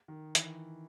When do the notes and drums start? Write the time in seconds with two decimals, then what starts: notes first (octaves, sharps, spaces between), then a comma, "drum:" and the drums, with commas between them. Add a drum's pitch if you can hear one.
0.08 D#3
0.35 E3, drum: hi-hat